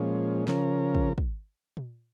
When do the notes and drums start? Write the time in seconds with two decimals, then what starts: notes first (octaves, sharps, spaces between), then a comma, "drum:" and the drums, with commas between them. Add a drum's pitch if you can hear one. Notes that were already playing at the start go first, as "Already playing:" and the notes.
Already playing: A#2 F3 G#3 C#4
0.48 C#3 F3 C#4 A#4, drum: snare
0.95 drum: kick
1.18 drum: kick
1.77 drum: tom A#2